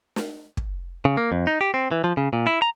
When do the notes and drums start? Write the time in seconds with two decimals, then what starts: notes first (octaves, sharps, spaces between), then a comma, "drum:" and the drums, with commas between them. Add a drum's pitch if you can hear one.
0.16 drum: snare
0.57 drum: kick
1.05 C#3
1.17 A#3
1.32 F2
1.47 D#4
1.61 G4
1.74 C4
1.92 E3
2.04 F3
2.17 C#3
2.33 A#2
2.47 E4
2.62 A#5